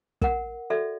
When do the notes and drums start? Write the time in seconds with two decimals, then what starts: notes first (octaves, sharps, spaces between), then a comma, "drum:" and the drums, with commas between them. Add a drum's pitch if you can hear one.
0.22 A#4 F#5, drum: kick
0.70 F#4 A4 D5 E5